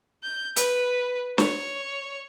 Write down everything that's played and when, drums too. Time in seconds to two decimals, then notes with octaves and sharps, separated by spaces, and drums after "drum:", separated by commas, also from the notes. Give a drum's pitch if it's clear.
0.23 G6
0.56 B4, drum: hi-hat
1.38 C#5, drum: snare